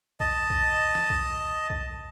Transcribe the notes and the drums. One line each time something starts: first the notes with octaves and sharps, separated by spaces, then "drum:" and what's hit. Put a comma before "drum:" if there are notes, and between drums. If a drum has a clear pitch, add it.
D#5 A5, drum: kick B1
drum: kick B1
drum: snare
drum: kick B1
drum: kick B1